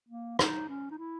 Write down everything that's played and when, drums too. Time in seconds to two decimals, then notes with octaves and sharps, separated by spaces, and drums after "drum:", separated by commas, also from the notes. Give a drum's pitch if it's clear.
0.09 A#3
0.39 D#4, drum: rim click
0.69 C#4
0.91 D#4
0.98 E4